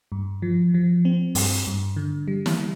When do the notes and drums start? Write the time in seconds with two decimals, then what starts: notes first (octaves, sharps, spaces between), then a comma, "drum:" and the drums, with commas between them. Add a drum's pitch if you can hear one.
0.12 G2
0.42 F3
0.74 F3
1.05 C4
1.35 G2, drum: open hi-hat
1.67 G2
1.96 D3
2.28 G3
2.46 drum: snare
2.59 G3